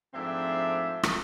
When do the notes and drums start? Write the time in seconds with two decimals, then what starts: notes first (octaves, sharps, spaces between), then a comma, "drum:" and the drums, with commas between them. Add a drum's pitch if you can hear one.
0.14 G#2 F3 A3 C4 D4 E5
1.03 drum: rim click